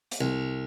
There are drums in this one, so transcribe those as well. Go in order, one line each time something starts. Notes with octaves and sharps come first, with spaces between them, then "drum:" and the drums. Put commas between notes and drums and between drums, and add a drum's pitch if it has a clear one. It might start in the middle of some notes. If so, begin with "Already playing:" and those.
drum: hi-hat
C2